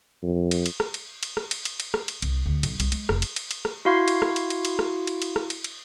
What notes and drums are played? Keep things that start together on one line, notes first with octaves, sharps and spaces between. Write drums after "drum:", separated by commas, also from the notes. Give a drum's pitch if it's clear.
F2
drum: cymbal
drum: cymbal
drum: rim click
drum: cymbal
drum: cymbal
drum: rim click
drum: cymbal
drum: cymbal
drum: cymbal
drum: rim click
drum: cymbal
C2, drum: cymbal
D2
B1, drum: cymbal
C2, drum: cymbal
G#3, drum: cymbal
F1, drum: rim click
drum: cymbal
drum: cymbal
drum: cymbal
drum: rim click
E4 F#4 F5 C6 G#6 C7
drum: cymbal
drum: rim click
drum: cymbal
drum: cymbal
drum: cymbal
drum: rim click
drum: cymbal
drum: cymbal
drum: rim click
drum: cymbal
drum: cymbal